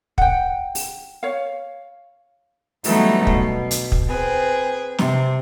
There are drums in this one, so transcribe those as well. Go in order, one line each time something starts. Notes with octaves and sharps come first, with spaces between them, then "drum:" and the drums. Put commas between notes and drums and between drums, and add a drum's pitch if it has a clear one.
F#5 G5, drum: kick
drum: open hi-hat
C#5 F5
E3 F#3 G3 A3 B3 D#4, drum: open hi-hat
B2, drum: kick
drum: hi-hat
drum: kick
C4 G#4 B4
C3, drum: snare